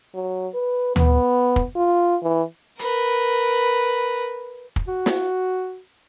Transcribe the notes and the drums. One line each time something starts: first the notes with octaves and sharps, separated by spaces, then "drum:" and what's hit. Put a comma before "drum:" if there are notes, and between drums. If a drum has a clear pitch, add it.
F#3
B4
B3, drum: tom D2
drum: kick
F4
E3
A#4 B4, drum: hi-hat
drum: kick
F#4
drum: snare